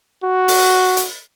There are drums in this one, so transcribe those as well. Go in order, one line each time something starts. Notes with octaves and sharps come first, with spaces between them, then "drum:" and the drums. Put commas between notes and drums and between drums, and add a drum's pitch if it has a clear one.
F#4
drum: open hi-hat
drum: hi-hat